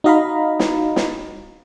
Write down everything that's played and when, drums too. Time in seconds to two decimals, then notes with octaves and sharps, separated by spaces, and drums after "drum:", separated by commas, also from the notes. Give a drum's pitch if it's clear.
0.04 D#4 F#4 D#5 F5 A#5 B5
0.59 drum: snare
0.96 drum: snare